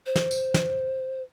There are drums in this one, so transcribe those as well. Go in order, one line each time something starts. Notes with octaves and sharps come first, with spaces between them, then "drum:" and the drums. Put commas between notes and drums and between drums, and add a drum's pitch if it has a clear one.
C5
drum: snare
drum: tambourine
drum: snare